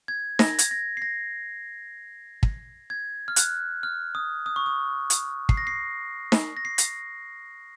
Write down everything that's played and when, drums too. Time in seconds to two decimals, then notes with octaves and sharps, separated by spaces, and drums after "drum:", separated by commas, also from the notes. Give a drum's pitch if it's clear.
0.08 G#6
0.39 A#6, drum: snare D#4
0.59 G#6, drum: hi-hat
0.71 A#6
0.97 C7
1.02 A#6
2.43 drum: kick
2.90 G#6
3.28 F6
3.36 F#6, drum: hi-hat
3.83 F6
4.15 D#6
4.46 D#6
4.56 C#6
4.66 D#6
5.10 drum: hi-hat
5.49 C7, drum: kick
5.57 A#6
5.67 C7
6.32 drum: snare D#4
6.57 A#6
6.65 C7
6.78 drum: hi-hat